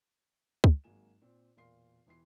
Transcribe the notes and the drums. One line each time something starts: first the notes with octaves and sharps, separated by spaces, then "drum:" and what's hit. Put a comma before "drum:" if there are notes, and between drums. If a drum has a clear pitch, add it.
drum: kick
G#1 F#3 G#3 A#3 G#5 E7
A#2 C4
E1 A#2 A#4 F5 C6 C7
E1 E3 C6 C7